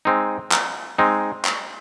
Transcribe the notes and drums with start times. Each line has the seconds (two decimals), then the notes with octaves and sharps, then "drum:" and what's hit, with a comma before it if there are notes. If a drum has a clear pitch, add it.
0.05 G#3 C4 D#4
0.52 drum: clap
0.98 G#3 C4 D#4
1.45 drum: clap